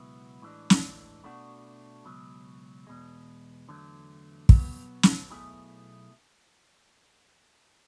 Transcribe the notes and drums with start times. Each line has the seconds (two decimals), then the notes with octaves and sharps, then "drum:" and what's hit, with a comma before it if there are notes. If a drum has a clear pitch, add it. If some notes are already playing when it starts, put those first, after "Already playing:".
Already playing: C#2 B2 F#3 B3 E4
0.42 A2 E3 G#3 D4
0.70 drum: snare
1.24 B2 A3 D4 F#4
2.05 C#2 B2 F#3
2.87 E2 B2 G#3
3.68 E2 D3 F#3 A3
4.49 B2 F#3 B3, drum: kick
5.03 drum: snare
5.30 B1 B2 A3 E4 G#4